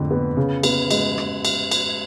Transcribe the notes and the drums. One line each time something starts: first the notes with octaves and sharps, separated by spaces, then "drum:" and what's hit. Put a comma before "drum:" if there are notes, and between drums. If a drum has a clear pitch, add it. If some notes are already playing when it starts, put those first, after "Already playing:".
Already playing: F2 D3
B3
C#3
B3, drum: cymbal
G#3, drum: cymbal
drum: rim click
drum: cymbal
drum: cymbal